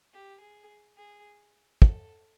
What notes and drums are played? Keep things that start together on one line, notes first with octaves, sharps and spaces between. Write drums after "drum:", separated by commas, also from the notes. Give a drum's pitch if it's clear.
G4
G#4
G#4
A4, drum: kick